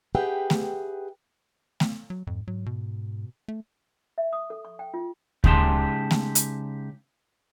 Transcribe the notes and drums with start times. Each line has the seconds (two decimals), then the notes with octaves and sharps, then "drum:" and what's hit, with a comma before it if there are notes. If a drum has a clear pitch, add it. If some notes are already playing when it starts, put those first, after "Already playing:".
0.15 G4 G#4 B4 E5 F#5 G5
0.50 drum: snare A3
1.80 drum: snare A3
2.10 F#3
2.27 F2 G#2
2.48 G#2 F#3
2.66 B2
3.48 A3
4.18 E5
4.33 D#6
4.50 A4
4.65 C#6
4.79 G5
4.94 F4
5.44 C#3 G#3 D#4 G4 A5 C6, drum: kick D2
6.11 drum: snare A3
6.35 drum: hi-hat